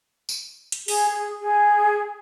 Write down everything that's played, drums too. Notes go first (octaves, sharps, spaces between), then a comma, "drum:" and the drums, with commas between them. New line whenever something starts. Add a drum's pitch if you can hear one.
drum: tambourine
drum: hi-hat
G#4, drum: open hi-hat
G#4
G#4